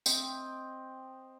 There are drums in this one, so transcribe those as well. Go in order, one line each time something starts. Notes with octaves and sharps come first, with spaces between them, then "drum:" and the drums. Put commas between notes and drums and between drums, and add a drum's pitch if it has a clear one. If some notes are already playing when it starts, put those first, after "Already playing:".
C4 D#5 G5, drum: tambourine